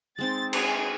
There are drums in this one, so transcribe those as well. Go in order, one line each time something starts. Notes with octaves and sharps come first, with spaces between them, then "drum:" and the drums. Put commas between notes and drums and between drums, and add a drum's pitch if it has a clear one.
G#3 C4 D#4 A6
G#4, drum: cymbal